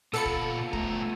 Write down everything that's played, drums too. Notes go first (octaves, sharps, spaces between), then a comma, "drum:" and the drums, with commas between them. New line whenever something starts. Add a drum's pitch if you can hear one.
A#2 B3 F4 A4 B5 C#7
drum: kick
A2 A3 A#5, drum: kick